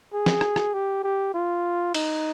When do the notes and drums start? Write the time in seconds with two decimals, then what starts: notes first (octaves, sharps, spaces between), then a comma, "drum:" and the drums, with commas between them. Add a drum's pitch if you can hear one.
0.13 G#4
0.26 drum: snare
0.41 drum: rim click
0.56 drum: rim click
0.74 G4
1.03 G4
1.34 F4
1.94 D#4, drum: cymbal